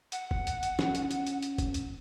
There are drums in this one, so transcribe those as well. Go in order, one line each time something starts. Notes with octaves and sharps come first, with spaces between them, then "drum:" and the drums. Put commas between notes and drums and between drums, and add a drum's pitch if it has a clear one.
F#5, drum: hi-hat
drum: kick
drum: hi-hat
drum: hi-hat
C#4, drum: snare
drum: hi-hat
drum: hi-hat
drum: hi-hat
drum: hi-hat
drum: kick, hi-hat
drum: hi-hat